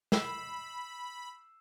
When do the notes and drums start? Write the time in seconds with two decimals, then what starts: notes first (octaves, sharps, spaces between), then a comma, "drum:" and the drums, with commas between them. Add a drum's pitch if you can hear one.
0.12 B5 E6 C7 E7, drum: snare